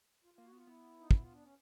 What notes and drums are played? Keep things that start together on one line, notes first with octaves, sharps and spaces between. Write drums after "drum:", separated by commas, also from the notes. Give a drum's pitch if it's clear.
F4
A#3 F4
F#4
B3 F4
B3 E4
D#4
E4, drum: kick
F4
D4
C#4